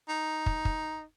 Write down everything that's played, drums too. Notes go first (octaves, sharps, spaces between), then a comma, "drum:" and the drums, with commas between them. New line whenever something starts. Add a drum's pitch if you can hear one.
D#4
drum: kick
drum: kick